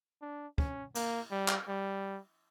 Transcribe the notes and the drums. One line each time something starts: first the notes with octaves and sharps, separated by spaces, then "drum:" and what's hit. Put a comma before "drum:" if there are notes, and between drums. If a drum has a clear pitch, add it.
D4
C#4, drum: kick
A#3, drum: cymbal
G3
drum: clap
G3